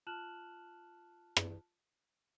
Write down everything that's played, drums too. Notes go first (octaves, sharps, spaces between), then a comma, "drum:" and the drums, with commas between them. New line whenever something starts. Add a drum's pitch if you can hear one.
F4 A5 F6 F#6 E7 F#7
drum: rim click